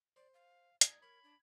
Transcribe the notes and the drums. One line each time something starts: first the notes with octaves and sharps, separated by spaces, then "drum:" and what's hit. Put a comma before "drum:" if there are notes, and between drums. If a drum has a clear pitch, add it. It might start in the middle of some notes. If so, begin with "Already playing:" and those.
C5 D5
F5
D#4 D5 G#6, drum: hi-hat
A#4 C#5 B5
D4